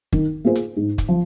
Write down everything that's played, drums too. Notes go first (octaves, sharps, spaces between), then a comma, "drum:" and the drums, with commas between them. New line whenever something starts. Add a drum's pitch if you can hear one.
D#3, drum: kick
A#3 F4 G#4 C5
drum: hi-hat
G#2
drum: kick, hi-hat
F3